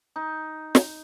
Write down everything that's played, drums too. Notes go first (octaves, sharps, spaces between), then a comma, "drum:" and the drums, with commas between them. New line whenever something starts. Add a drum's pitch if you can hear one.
D#4
drum: snare